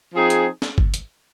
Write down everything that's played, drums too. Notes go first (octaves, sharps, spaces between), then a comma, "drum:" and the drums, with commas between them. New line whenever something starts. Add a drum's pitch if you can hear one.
F3 C4 D#4 G#4
drum: hi-hat
drum: snare
drum: kick G1
drum: hi-hat